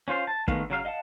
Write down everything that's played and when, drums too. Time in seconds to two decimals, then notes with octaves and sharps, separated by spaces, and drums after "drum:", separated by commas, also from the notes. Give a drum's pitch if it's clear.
0.08 C#4 F4 C5 F5
0.27 A5
0.48 D#3 G#3 A3 B3 F5, drum: kick
0.70 C#3 F#3 F5 F6
0.85 D#5 F5 F#5 A5